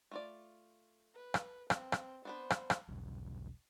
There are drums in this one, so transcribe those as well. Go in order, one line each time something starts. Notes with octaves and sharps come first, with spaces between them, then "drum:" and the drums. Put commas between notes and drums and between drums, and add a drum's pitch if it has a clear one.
A3 F4 D5
B4
drum: rim click
C4, drum: rim click
drum: rim click
B3 D4 B4 C5
drum: rim click
drum: rim click
E1 B1 G2